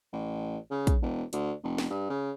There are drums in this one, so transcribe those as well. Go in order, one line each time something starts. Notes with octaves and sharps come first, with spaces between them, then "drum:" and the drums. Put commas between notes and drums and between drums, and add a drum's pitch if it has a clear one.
A1
C#3
drum: kick, hi-hat
E1
D2, drum: hi-hat
F1
drum: snare
G2
C#3